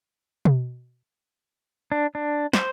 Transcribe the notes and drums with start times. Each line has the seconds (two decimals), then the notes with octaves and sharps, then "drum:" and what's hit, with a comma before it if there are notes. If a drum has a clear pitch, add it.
0.45 drum: tom B2
1.92 D4
2.15 D4
2.53 C5, drum: snare